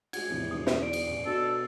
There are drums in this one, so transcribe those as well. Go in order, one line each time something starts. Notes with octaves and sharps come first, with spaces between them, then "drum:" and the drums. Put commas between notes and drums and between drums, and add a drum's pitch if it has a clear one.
G#3 F#4 G#6, drum: cymbal
E2 A2 C3 F3
G#2 B2 D3 D#6
drum: snare
D5 D7
drum: cymbal
A1
B2 D4 A4